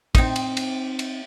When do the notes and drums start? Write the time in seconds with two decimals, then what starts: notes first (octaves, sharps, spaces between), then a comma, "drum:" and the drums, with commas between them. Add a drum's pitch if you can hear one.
0.15 C4 D#4, drum: kick, cymbal
0.36 drum: cymbal
0.57 drum: cymbal
0.99 drum: cymbal